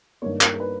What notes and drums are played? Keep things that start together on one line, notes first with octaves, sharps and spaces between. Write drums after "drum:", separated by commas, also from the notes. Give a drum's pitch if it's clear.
G2 D#3 A#3 C#5
A#4, drum: clap
A#4
B4